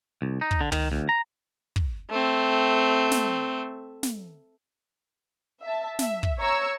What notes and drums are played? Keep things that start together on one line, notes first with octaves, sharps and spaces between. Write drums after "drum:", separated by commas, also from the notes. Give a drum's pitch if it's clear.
C2
D#4
drum: kick
D3
D#3, drum: tom
D2
A#5
drum: kick
A3 C4
drum: snare
drum: snare
E5 A5
E5, drum: snare
drum: kick
C#5 A#5 C#6 E6 G#6